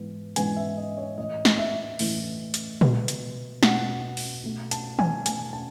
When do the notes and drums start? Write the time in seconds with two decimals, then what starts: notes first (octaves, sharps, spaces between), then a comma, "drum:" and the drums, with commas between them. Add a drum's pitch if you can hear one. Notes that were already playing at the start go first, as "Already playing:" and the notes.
Already playing: G#2 E3 B3
0.36 G#2 E3 G#3 B3 G#5, drum: hi-hat
0.56 E5
0.77 D#5
0.98 C#5
1.18 A2 E3 A3 D#5
1.45 drum: snare
1.59 E5
1.99 A2 E3 A3, drum: open hi-hat
2.54 drum: hi-hat
2.81 B2 G#3 B3, drum: tom A#2
3.08 drum: hi-hat
3.63 B2 G#3 B3 F#5, drum: snare
4.17 drum: open hi-hat
4.44 B2 A3
4.71 A5, drum: hi-hat
4.99 G#5, drum: tom D#3
5.26 B2 A3 G#5, drum: hi-hat
5.53 A5